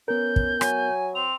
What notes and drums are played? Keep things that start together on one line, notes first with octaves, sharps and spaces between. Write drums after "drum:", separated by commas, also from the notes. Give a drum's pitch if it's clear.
B3 C#4 A#4 G6
drum: kick
F#3 G#5, drum: rim click
C4 F7